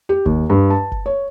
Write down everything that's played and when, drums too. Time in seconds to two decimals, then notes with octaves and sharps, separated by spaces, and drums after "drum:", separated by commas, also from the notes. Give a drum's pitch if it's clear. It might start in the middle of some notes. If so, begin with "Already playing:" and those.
0.09 G4
0.25 D#2, drum: kick
0.50 G2
0.70 A5
0.92 drum: kick
1.06 C#5